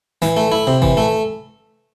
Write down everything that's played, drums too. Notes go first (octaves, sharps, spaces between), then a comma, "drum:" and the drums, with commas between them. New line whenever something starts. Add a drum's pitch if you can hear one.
E3, drum: snare
A3
E4
C3
E3, drum: kick G1
A3